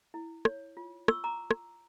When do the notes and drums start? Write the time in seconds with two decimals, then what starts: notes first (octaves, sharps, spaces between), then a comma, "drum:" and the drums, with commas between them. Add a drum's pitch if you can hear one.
0.14 E4
0.45 C#5, drum: rim click
0.77 F4
1.08 F4 C#6 E6, drum: rim click
1.24 A#5 D6
1.51 drum: rim click